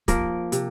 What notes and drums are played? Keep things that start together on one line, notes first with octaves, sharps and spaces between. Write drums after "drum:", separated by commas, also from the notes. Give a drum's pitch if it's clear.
F3 A#3 A#4, drum: kick, hi-hat
C3, drum: hi-hat